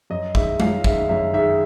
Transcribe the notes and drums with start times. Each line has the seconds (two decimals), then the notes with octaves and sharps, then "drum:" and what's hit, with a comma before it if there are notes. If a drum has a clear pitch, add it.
0.10 F#2 D#5
0.35 D#3 G#3 E5, drum: kick
0.60 F#2 F5, drum: tom G#3
0.84 D#3 G#3 E5, drum: kick
1.09 F#2 E5
1.33 D#3 G#3 E5